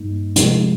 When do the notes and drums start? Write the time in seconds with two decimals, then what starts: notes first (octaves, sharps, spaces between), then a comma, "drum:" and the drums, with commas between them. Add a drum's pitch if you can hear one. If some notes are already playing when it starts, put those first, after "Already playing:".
Already playing: G2 G3 A#3 D#4
0.36 C3 F3 G#3, drum: hi-hat